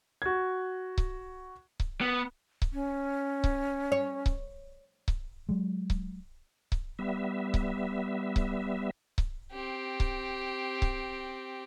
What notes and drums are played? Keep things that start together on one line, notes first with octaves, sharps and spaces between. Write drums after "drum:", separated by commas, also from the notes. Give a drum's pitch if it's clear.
F#4 G#6
drum: kick C#1
drum: kick C#1
B3
drum: kick C#1
C#4
drum: kick C#1
C#5
drum: kick C#1
drum: kick C#1
F#3 G#3
drum: kick C#1
drum: kick C#1
G3 B3 E5
drum: kick C#1
drum: kick C#1
drum: kick C#1
C4 G4
drum: kick C#1
drum: kick C#1